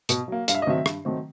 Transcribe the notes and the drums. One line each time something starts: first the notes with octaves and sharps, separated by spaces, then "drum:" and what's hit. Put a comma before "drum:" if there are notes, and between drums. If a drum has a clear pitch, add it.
B2, drum: hi-hat
F#3 A#3
G2 F5, drum: hi-hat
E5
D#5
D#3 F#3 A3 C4 E5
G2, drum: rim click
D#3 F#3 A3 C4